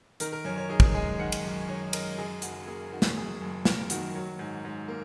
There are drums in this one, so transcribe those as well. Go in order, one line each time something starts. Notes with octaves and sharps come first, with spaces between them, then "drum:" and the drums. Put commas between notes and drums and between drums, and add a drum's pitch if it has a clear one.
D#3 A#4, drum: hi-hat
A#4
F#2 C#5
C#5
D#4 G#4
drum: kick
G#3 G#5
D#3 F#5
drum: cymbal
F#2
D#4 C#5
G#3 A#4, drum: cymbal
F#2 G#4
F#1 F#4, drum: hi-hat
A#3 G#4
D#3 F#4
drum: snare
F#2 G#4
F#1
A#3 A#4, drum: snare
D#3 F#4, drum: hi-hat
F#3
G#2
G#2
A#3